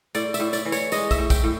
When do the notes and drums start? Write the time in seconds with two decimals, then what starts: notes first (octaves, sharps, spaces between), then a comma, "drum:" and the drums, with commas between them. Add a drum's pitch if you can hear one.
0.15 A2 D5, drum: tambourine
0.34 E5, drum: tambourine
0.40 A2
0.53 D5, drum: tambourine
0.65 E3
0.72 C#5, drum: tambourine
0.92 G#3 D#5, drum: tambourine
1.11 E5, drum: kick, tambourine
1.18 A2
1.30 G5, drum: kick, tambourine
1.44 A2